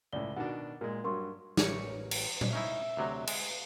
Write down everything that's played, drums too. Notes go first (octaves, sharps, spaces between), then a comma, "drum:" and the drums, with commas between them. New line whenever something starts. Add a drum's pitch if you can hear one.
C#2 A2 D5 G7
B2 D#3 D4 F#5
A#2 G#3 A#4
G2 F#3 A#4 C6 C#6
A1 E3 A#4 C#5 C#7, drum: snare
drum: cymbal
drum: tom A#2
C#4 D#4 E4 E5
D2 C3 F#3
G#3, drum: cymbal